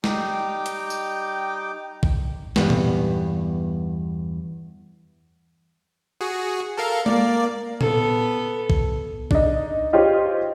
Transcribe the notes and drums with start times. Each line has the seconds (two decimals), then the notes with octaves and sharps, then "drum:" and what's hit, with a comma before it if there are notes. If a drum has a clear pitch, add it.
0.04 G3 D#4 G5 D6, drum: snare
0.66 drum: hi-hat
0.90 drum: tambourine
2.03 drum: kick A#1
2.56 E2 G2 B3, drum: snare
2.70 drum: tom A#2
6.21 F#4 G#4
6.78 A4 A#4 F5
7.06 A#3 D5, drum: tom G#3
7.81 B3 A4, drum: tom A#2
8.70 drum: kick A#1
9.31 D4 D#4, drum: kick A#1
9.93 D#4 F4 G4 C5 C#5 D#5